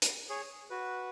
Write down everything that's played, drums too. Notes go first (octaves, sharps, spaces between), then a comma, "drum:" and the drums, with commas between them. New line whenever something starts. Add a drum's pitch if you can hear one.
drum: hi-hat
G#4 C#5
F#4 B4